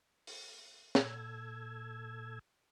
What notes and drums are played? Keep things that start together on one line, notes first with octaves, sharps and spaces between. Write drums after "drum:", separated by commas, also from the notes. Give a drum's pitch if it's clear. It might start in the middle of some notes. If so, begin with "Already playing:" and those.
drum: open hi-hat
A#2 A4 E6 G#6, drum: snare